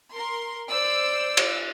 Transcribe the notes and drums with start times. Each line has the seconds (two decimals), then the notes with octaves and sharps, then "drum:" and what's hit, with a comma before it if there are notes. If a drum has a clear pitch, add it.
0.14 A#4 C6
0.71 C5 D5 E6
1.37 drum: cymbal